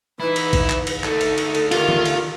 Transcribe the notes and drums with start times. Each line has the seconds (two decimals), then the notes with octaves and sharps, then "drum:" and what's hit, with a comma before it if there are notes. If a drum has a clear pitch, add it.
0.20 E3 D#4 E4 B4
0.36 drum: cymbal
0.53 drum: kick A1, cymbal
0.70 drum: clap
0.87 drum: cymbal
1.04 D3 A3 D#4 A4, drum: clap
1.21 drum: cymbal
1.38 drum: cymbal
1.55 drum: cymbal
1.72 D#3 F4 G4 A#4, drum: cymbal
1.89 drum: tom D#3
2.05 drum: cymbal